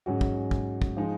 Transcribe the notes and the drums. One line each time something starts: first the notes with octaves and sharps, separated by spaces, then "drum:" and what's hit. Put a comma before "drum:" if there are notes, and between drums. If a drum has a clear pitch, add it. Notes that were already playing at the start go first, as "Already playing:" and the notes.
G#2 F#3 C#4 F#4
drum: kick
drum: kick
drum: kick
F3 G#3 D#4